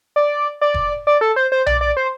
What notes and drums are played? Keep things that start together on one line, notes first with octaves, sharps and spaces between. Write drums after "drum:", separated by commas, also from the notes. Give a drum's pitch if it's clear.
D5
D5
drum: kick F1
D5
A4
C5
C5
D5, drum: tom B1
D5
C5